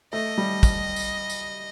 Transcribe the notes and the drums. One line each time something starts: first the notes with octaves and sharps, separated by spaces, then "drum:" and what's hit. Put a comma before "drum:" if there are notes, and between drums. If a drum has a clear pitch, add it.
A3 D#5
G3
drum: kick, tambourine
drum: tambourine
drum: tambourine